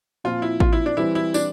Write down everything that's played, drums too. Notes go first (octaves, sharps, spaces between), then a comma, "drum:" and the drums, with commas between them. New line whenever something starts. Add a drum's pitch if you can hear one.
A#2 F3 C4 F4
E4
F4, drum: kick A1
E4
D4
E3 G3 C4 E4
E4
D4, drum: tambourine